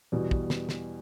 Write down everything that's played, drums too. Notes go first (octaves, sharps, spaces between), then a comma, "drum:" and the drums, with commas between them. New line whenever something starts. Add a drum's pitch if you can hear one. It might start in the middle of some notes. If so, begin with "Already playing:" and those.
E2 B2 G3
drum: kick
drum: snare
drum: snare